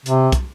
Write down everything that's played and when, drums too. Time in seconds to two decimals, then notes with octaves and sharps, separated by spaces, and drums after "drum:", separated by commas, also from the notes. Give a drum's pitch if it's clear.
0.06 C3, drum: hi-hat
0.32 drum: kick, hi-hat